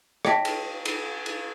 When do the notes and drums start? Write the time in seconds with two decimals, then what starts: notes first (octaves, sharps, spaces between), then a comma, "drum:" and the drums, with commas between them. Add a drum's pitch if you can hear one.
0.25 C#5 D#5 G5 A5 A#6 B6, drum: rim click
0.45 drum: cymbal
0.85 drum: cymbal
1.26 drum: cymbal